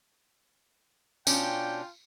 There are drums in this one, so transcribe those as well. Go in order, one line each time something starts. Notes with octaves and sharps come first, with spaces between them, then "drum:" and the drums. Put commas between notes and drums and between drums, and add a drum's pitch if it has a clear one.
B2 C#4 D4 F4 G5, drum: tambourine